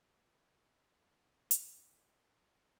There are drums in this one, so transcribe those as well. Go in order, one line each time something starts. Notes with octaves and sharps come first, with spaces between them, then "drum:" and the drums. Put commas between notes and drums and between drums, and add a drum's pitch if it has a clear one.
F4, drum: hi-hat